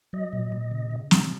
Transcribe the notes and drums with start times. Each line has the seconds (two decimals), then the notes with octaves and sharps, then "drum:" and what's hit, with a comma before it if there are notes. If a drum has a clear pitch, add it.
0.13 F#3 D#5
0.33 A#2
0.52 A#2
0.71 C#3
0.91 C#3
1.11 F#3, drum: snare